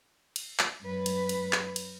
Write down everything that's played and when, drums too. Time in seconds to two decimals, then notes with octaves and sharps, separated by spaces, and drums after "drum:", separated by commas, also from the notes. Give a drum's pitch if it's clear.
0.36 drum: cymbal
0.59 drum: clap
0.83 F#2 B4
1.06 drum: cymbal
1.29 drum: cymbal
1.53 drum: clap
1.76 drum: cymbal